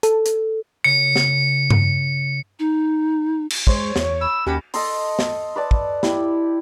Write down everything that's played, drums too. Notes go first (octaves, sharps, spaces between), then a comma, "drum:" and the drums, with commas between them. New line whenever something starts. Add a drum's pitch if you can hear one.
A4, drum: hi-hat
drum: hi-hat
C#3 C#7
drum: snare
drum: tom G2
D#4
drum: cymbal
G#3 C5 C#5, drum: kick
E2, drum: snare
B5 E6
D#2 C#4 F#4 G4 A5 B5
A4 D#5 A5 C6, drum: open hi-hat
drum: snare
B4 D5 A5
drum: kick
E4 G4, drum: snare